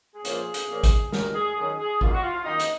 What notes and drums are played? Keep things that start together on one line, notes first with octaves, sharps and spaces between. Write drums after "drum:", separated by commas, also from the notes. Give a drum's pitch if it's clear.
G#4
A#2 F3 A#3 C#4, drum: hi-hat
drum: hi-hat
A#2 F3 A#3 C#4
drum: kick G#1, hi-hat
F#2 D#3 F#3 C#4 A#4, drum: snare
G#4
F#2 D#3 F#3 C#4 G#4
G#4
F#2 D#3 A#3 F4, drum: kick G#1
F#4
F4
F4
F#2 D#3 A#3 D#4
drum: hi-hat